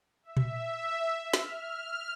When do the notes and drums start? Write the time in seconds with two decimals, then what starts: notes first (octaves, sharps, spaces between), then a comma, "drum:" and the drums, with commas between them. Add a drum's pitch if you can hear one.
0.23 E5
0.37 drum: tom A#2
1.34 F6, drum: snare